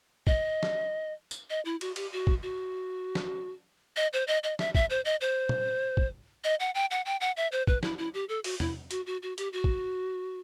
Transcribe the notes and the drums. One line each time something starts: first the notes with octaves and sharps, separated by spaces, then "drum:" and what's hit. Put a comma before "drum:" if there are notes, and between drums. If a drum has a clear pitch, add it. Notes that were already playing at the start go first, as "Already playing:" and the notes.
D#5, drum: kick
drum: snare
drum: tambourine
D#5
E4
F#4, drum: cymbal
G4, drum: cymbal
F#4
drum: kick
F#4
drum: snare
D#5
C5
D#5
D#5
E5, drum: snare
E5, drum: kick
C5
D#5
C5
drum: tom
drum: kick
D#5
F#5
G5
F#5
G5
F#5
E5
C5
B4, drum: kick
E4, drum: snare
E4
G4
A4
F#4, drum: open hi-hat
E4, drum: tom E2
F#4, drum: hi-hat
F#4
F#4
G4, drum: hi-hat
F#4
drum: kick